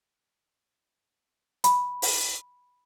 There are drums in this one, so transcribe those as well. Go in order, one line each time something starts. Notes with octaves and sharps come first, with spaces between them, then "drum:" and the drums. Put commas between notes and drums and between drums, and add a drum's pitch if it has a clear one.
B5, drum: hi-hat
drum: open hi-hat